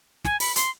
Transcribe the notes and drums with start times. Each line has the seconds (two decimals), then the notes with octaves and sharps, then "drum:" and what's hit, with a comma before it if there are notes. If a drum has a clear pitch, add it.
0.25 G#5, drum: snare
0.40 B5, drum: open hi-hat
0.56 C6, drum: hi-hat